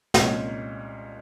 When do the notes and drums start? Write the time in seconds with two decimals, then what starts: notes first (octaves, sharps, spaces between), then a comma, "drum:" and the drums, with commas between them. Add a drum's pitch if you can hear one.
0.14 C2 A#2 G#3 C#4, drum: snare